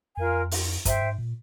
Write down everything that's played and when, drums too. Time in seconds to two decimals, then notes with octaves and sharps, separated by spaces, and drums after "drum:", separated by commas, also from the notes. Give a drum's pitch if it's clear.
0.17 F2 F4 A#4 F5 G#5
0.51 drum: open hi-hat
0.85 G2 C5 E5 G5, drum: kick, hi-hat
1.02 G#2
1.19 A#2